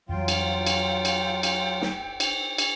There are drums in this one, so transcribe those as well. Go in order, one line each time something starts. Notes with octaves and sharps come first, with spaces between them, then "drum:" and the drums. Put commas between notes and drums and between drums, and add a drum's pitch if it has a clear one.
F2 E3 F#3 G3 F4 G5
drum: cymbal
drum: cymbal
drum: cymbal
drum: cymbal
drum: snare
drum: cymbal
drum: cymbal